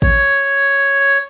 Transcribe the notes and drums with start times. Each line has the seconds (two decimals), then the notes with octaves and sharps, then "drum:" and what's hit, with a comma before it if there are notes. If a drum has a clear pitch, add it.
0.02 C#5, drum: kick G#1